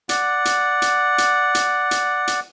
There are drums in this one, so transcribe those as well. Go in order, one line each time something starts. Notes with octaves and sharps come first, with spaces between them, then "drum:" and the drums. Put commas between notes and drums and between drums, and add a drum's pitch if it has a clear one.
D5 F#5, drum: hi-hat
drum: hi-hat
drum: hi-hat
drum: hi-hat
drum: hi-hat
drum: hi-hat
drum: hi-hat